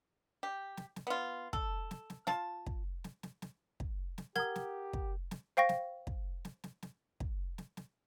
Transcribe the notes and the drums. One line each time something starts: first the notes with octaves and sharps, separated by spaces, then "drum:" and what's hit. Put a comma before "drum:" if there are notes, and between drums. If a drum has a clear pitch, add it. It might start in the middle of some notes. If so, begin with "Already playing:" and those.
G4
drum: snare
drum: snare
B3 F4
A4, drum: kick
drum: snare
drum: snare
F4 A5, drum: snare
drum: kick
drum: snare
drum: snare
drum: snare
drum: kick
drum: snare
G4 A#4 F#5 A#5 D#6 G#6, drum: snare
drum: snare
drum: kick
drum: snare
C5 F5 G5 C#6 A#6
drum: snare
drum: kick
drum: snare
drum: snare
drum: snare
drum: kick
drum: snare
drum: snare